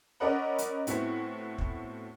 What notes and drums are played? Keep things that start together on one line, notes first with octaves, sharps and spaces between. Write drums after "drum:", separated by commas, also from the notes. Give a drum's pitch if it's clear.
C#4 A#4 D5 D#5 F#5 B5
drum: hi-hat
A2 B3 C4 E4 F#4, drum: hi-hat
drum: kick